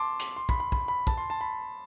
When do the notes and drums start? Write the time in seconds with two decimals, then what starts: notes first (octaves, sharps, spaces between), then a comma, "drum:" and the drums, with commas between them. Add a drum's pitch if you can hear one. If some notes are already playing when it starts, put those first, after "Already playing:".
Already playing: A5 C6 D6
0.19 drum: hi-hat
0.36 C6
0.49 B5, drum: kick
0.60 B5
0.72 B5, drum: kick
0.88 B5
1.07 A5, drum: kick
1.17 C6
1.30 A5
1.41 B5